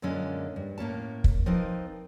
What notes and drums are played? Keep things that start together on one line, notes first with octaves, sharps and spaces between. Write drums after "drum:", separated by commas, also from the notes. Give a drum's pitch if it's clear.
F#2 A#2 D3 G#3 C#4
G2
A2 A#3 C#4 A5
drum: kick
F3 C4 D#4 A#4 B4